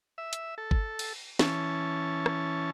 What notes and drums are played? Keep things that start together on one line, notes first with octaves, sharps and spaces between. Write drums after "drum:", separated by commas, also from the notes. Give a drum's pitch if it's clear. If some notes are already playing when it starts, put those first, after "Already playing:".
E5
drum: hi-hat
A4
drum: kick G1
drum: cymbal
E3 C#4 A5, drum: snare
drum: rim click